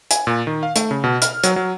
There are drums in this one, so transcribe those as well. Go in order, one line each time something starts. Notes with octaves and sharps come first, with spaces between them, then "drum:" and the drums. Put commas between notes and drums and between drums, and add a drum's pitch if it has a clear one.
G#5, drum: hi-hat
A#2
D#3
F5
A3, drum: hi-hat
C#3
B2
F6, drum: hi-hat
F#3, drum: hi-hat
F#3